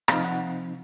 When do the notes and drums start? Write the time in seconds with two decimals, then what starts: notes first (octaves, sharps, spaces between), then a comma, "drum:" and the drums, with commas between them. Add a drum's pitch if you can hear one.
0.08 C3 F3 C4 D#4 F5, drum: rim click
0.24 F#5